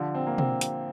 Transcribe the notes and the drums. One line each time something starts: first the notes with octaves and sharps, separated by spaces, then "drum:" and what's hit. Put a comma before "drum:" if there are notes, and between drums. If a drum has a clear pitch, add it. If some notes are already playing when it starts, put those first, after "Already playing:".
Already playing: D3 F3
C4
A#3
C4, drum: tom B2
drum: hi-hat